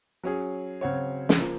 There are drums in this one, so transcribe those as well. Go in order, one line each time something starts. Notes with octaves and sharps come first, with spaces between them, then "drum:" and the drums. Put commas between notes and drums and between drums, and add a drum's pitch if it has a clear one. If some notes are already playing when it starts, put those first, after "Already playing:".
F#3 C#4 G#4
C#3 F#3 C4 F#4 C#5
drum: snare
F3 A#3